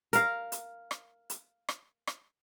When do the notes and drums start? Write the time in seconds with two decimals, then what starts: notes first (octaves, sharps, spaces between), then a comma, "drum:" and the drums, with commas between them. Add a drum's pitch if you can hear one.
0.13 A#4 F5, drum: hi-hat
0.52 drum: hi-hat
0.91 drum: rim click
1.30 drum: hi-hat
1.69 drum: rim click
2.07 drum: rim click